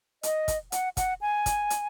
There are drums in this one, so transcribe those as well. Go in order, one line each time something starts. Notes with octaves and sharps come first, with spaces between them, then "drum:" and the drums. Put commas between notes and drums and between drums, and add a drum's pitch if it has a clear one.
D#5, drum: hi-hat
drum: kick, hi-hat
F#5, drum: hi-hat
F#5, drum: kick, hi-hat
G#5
drum: kick, hi-hat
drum: hi-hat